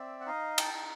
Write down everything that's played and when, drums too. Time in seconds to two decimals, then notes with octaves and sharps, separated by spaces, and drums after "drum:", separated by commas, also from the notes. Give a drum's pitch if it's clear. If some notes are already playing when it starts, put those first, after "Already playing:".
Already playing: C4 D5 E5
0.21 F#5
0.26 D#4 D#5 F5
0.58 G5 A5, drum: cymbal
0.74 D#4